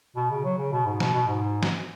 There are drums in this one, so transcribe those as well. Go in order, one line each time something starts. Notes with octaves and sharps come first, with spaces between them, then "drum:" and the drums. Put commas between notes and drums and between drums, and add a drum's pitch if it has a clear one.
B2
C#3
F#3
C#3
B2
G#2
B2, drum: snare
B2
G#2
drum: snare